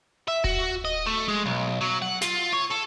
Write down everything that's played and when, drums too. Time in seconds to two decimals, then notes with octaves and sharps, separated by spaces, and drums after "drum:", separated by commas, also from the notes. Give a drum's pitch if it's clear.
0.28 E5
0.44 F#4, drum: kick D1
0.85 D#5
1.06 A3
1.28 G#3
1.46 B1
1.81 F#3
2.02 F#5
2.21 F4, drum: snare
2.52 C#5
2.70 A4